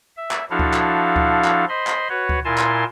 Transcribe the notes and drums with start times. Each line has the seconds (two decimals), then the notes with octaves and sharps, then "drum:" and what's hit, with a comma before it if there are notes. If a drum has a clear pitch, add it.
0.17 E5
0.31 drum: clap
0.50 F3 D4 E4 F#4 A4 F5
0.59 drum: kick D2
0.74 drum: clap
1.16 drum: kick D2
1.44 drum: clap
1.69 C5 D#5 B5 C6
1.87 drum: clap
2.09 F#4 B4 C#5
2.29 drum: kick D2
2.45 A#2 E4 A#4 G#5 A5 C6
2.58 drum: clap